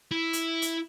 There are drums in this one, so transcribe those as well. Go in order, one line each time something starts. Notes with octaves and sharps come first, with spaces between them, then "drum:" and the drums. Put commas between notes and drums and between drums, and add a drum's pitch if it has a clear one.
E4
drum: hi-hat
drum: hi-hat